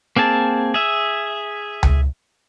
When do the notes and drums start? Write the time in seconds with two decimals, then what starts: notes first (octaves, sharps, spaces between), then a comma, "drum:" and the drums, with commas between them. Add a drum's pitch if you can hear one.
0.16 A#3 C4 G#4 A5
0.74 G#4 E5
1.83 drum: tom C#2